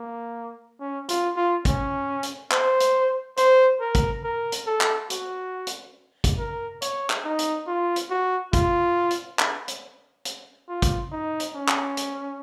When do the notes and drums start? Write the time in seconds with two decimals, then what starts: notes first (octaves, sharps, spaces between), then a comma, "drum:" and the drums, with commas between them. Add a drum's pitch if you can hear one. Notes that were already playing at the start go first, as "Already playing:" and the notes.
Already playing: A#3
0.80 C#4
1.09 F4, drum: hi-hat
1.36 F4
1.65 C#4, drum: kick, hi-hat
2.23 drum: hi-hat
2.51 C5, drum: clap
2.80 drum: hi-hat
3.37 C5, drum: hi-hat
3.81 A#4
3.95 drum: kick, hi-hat
4.23 A#4
4.52 drum: hi-hat
4.67 A4
4.81 drum: clap
5.10 F#4, drum: hi-hat
5.67 drum: hi-hat
6.24 drum: kick, hi-hat
6.38 A#4
6.82 C#5, drum: hi-hat
7.10 drum: clap
7.25 D#4
7.39 drum: hi-hat
7.67 F4
7.96 drum: hi-hat
8.10 F#4
8.53 F4, drum: kick, hi-hat
9.10 drum: hi-hat
9.39 drum: clap
9.68 drum: hi-hat
10.25 drum: hi-hat
10.69 F4
10.82 drum: kick, hi-hat
11.11 D#4
11.40 drum: hi-hat
11.54 C#4
11.68 drum: clap
11.97 drum: hi-hat